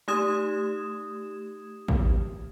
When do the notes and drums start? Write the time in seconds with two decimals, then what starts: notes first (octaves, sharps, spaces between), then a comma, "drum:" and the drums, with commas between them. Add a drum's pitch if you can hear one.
0.08 A3 D#4 G4 D#6 G#6 E7
1.88 drum: kick A1